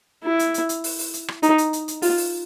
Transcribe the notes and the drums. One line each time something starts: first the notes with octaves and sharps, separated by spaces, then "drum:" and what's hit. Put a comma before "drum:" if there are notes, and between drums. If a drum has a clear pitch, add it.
E4
drum: hi-hat
drum: hi-hat
drum: hi-hat
drum: open hi-hat
drum: open hi-hat
drum: hi-hat
drum: rim click
D#4, drum: hi-hat
drum: hi-hat
drum: hi-hat
drum: hi-hat
F4, drum: open hi-hat
drum: open hi-hat